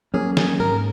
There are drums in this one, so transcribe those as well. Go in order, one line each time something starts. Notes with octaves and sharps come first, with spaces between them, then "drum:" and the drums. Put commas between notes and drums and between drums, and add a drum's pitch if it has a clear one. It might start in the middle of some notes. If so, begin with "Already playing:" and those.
F#3 A#3 C#4 G#4
G#4, drum: snare
G#2 A#4